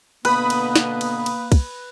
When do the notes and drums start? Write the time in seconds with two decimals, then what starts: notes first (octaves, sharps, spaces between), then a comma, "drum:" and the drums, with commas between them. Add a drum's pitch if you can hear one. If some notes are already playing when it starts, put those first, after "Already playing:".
0.25 B2 D3 A#3 B3 B4 B5 D#6, drum: cymbal
0.50 drum: cymbal
0.76 drum: snare
1.01 drum: cymbal
1.26 drum: cymbal
1.52 drum: kick, cymbal